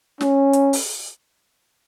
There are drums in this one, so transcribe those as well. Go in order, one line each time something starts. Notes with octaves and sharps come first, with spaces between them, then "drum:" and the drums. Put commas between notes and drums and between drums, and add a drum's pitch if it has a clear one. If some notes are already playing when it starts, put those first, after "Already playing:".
C#4, drum: snare
drum: hi-hat
drum: open hi-hat